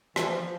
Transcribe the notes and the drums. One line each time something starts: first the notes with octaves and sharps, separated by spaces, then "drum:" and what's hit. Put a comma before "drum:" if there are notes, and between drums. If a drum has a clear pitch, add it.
E3, drum: rim click
F3